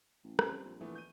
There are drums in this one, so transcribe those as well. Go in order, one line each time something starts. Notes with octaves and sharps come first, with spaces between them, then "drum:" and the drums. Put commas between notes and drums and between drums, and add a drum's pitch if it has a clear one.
A1
C#2 G3 C4, drum: rim click
A#1
E3 A3 B3
G6 D#7